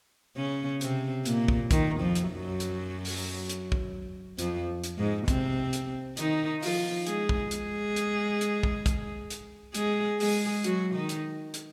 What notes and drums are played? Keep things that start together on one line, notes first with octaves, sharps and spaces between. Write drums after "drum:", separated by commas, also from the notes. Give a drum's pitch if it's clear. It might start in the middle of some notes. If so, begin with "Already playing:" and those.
C#3 C#4
C3 C4, drum: hi-hat
A#2 A#3, drum: hi-hat
drum: kick
D#3, drum: kick, hi-hat
F2 F3
drum: hi-hat
F#2 F#3
drum: hi-hat
drum: open hi-hat
drum: hi-hat
drum: kick
F2 F3, drum: hi-hat
drum: hi-hat
G#2 G#3
C3 C4, drum: kick, hi-hat
drum: hi-hat
D#3 D#4, drum: hi-hat
F3 F4, drum: open hi-hat
G#3 G#4, drum: hi-hat
drum: kick
G#3 G#4, drum: hi-hat
drum: hi-hat
drum: hi-hat
drum: kick
drum: kick, hi-hat
drum: hi-hat
G#3 G#4, drum: hi-hat
G#3 G#4, drum: open hi-hat
F#3 F#4, drum: hi-hat
D#3 D#4
drum: hi-hat
drum: hi-hat